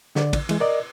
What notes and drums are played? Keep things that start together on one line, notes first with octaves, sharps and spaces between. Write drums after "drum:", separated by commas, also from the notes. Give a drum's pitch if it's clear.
D3 D5, drum: snare
drum: kick, cymbal
E3 G#3, drum: cymbal
A#4 D5 D#5